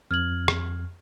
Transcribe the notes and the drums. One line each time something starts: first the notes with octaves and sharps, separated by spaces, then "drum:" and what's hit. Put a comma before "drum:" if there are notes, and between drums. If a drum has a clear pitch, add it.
F2 F6 G#6 F#7
drum: rim click